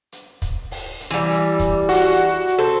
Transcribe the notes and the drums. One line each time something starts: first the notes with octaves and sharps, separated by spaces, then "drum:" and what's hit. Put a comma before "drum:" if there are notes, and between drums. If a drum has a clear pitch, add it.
drum: hi-hat
drum: kick, hi-hat
drum: open hi-hat
drum: hi-hat
E3 G3
drum: hi-hat
drum: kick, hi-hat
F#4, drum: open hi-hat
drum: hi-hat
C4 A4